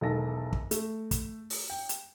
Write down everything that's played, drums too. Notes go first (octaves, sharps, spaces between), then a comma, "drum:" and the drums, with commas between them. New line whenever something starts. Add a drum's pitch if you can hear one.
E1 B1 D#3 A4 A#6
drum: kick
A3, drum: hi-hat
drum: kick, hi-hat
drum: open hi-hat
G5
drum: hi-hat